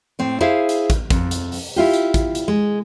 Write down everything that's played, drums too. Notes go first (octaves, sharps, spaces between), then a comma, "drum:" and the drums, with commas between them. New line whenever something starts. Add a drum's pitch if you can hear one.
A2 C4
E4 G#4 C5 E5 F5
drum: hi-hat
drum: kick, hi-hat
F2, drum: kick, hi-hat
drum: hi-hat
drum: open hi-hat
E4 F4 G4
drum: hi-hat
drum: kick, hi-hat
drum: hi-hat
G#3